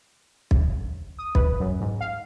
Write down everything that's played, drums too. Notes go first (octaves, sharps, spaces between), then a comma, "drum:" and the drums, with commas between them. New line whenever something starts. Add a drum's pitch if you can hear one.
drum: kick
D#6
B4, drum: kick
F#2
G#2
F5